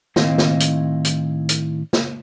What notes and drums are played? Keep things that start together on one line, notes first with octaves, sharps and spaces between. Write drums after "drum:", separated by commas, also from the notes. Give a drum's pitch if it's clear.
A2 D#3 C4 E4 D#5 F5, drum: snare
drum: snare
drum: hi-hat
drum: hi-hat
drum: hi-hat
drum: snare